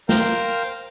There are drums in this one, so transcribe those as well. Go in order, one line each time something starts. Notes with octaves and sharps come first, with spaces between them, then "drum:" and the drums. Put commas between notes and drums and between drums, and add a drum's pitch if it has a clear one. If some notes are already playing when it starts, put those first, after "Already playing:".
A#4 C5 F5 G5 A#5, drum: snare